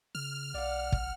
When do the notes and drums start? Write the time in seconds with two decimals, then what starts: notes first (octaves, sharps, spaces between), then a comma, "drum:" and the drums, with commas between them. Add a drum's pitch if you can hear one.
0.15 C#3 F6
0.54 B1 D5 F5 F#5
0.92 drum: kick